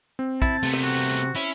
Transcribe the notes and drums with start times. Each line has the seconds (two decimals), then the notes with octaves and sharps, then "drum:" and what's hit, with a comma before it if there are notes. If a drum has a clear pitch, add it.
0.19 C4
0.42 E4 A5, drum: kick, hi-hat
0.63 C3 A3 B3
0.74 drum: rim click
0.83 F#4
1.04 drum: hi-hat
1.35 C#4 E4